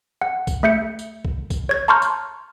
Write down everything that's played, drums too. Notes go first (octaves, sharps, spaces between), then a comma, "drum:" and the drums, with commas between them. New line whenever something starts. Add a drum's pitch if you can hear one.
F#5
drum: kick C2, tambourine
A3 E5 G6 C#7
drum: tambourine
drum: kick C2
drum: kick C2, tambourine
C#5 G#6
A5 A#5 C6 C#6 F6 G6
drum: tambourine